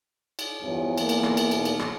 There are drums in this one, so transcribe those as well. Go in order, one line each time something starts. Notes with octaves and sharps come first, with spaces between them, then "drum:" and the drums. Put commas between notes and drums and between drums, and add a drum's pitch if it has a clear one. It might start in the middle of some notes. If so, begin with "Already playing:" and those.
drum: cymbal
E2 G2 F3 C#5
A#3, drum: cymbal
drum: cymbal
drum: rim click
drum: cymbal
D#2 B2 A#3, drum: cymbal
drum: cymbal
drum: rim click